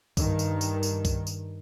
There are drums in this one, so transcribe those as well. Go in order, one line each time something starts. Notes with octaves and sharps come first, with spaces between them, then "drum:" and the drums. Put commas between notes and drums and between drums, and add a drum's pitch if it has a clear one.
G2 D#3, drum: kick C2, tambourine
drum: tambourine
drum: tambourine
drum: tambourine
drum: kick C2, tambourine
drum: tambourine